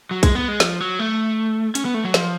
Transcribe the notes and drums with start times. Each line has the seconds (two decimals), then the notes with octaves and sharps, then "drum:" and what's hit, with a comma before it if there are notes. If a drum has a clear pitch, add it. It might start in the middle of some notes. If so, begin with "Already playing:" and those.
0.11 F#3
0.23 G#3, drum: kick A#1, hi-hat
0.35 B3
0.48 G#3
0.60 F3, drum: snare
0.80 F#3
0.99 A3
1.75 C#4, drum: hi-hat
1.85 B3
1.94 A3
2.05 F#3
2.14 F3, drum: snare